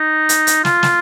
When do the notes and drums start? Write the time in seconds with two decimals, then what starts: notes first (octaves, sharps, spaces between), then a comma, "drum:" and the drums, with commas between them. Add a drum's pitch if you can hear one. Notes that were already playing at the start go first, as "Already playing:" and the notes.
Already playing: D#4
0.29 drum: hi-hat
0.47 drum: hi-hat
0.65 F4, drum: snare
0.83 drum: snare